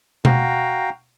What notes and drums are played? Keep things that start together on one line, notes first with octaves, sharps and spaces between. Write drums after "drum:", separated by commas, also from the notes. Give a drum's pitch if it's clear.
F#4 F5 G5 A#5, drum: tom B2